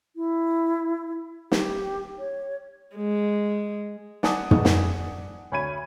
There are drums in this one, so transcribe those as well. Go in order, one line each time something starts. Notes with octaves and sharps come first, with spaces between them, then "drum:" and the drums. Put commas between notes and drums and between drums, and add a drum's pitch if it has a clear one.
E4
G4, drum: snare
C#5
G#3
D5 F#5 G#5 A5 D6 D#6, drum: snare
drum: tom
drum: snare
D2 C#5 B5 G#6 D#7